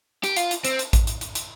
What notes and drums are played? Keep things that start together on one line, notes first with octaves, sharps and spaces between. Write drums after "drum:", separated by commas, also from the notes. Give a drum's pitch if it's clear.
G4, drum: hi-hat
F4, drum: hi-hat
drum: hi-hat
C4, drum: hi-hat
drum: hi-hat
drum: kick A1, hi-hat
drum: hi-hat
drum: hi-hat
drum: hi-hat